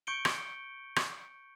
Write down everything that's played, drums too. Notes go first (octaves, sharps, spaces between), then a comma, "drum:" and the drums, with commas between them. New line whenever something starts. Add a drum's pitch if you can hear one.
C#6 G6 C#7 D7 G7
drum: rim click
drum: rim click